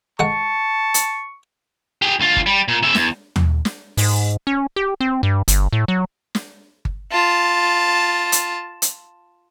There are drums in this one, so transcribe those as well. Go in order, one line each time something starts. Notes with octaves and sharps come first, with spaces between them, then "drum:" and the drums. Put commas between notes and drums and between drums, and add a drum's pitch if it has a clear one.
G#3 F#5 A5 C#6
drum: hi-hat
G4 G#4
D2 F4
drum: kick G1
G3
A#2
C#3 E5
E2, drum: snare
drum: tom D#2
drum: snare
G#2, drum: open hi-hat
C#4
G4
C4
G2
G1, drum: hi-hat
A2
F#3
drum: snare
drum: kick G1
F4 A5
drum: hi-hat
drum: hi-hat